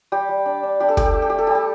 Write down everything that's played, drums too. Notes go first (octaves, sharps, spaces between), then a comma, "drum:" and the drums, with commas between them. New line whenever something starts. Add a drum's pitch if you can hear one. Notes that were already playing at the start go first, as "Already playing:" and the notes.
G3 G4
G3
D4
D4
D4 G4
A4
A3 G4, drum: kick
A4
A3 G4
A4
A3 G4
A4
G3 G4
A4